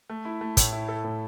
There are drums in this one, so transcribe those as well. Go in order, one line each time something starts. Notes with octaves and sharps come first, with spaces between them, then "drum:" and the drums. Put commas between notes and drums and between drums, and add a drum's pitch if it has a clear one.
A3
E4
A3
A2, drum: kick, hi-hat
E4
A4
A2